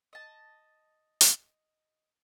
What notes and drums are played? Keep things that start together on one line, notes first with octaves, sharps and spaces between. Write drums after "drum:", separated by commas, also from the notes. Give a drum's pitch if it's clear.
D#5 A5
drum: hi-hat